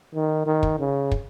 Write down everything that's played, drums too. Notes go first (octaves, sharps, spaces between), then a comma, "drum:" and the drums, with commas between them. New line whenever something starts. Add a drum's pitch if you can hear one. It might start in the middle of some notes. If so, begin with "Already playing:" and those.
D#3
D#3
drum: kick
C#3
drum: kick